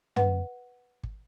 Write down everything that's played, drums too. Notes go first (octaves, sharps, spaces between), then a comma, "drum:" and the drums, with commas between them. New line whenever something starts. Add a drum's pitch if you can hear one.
B4 F#5, drum: tom
drum: kick